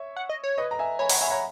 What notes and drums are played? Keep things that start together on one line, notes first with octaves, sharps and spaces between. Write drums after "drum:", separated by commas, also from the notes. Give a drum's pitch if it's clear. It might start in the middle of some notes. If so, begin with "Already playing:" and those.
Already playing: C#5 E5
F#5
D#5
C#5
B4 D#5
A#5
E5 G#5
C#5 G#5 B5
F#5 A#5, drum: open hi-hat
E5 G#5
B5
F#5 A#5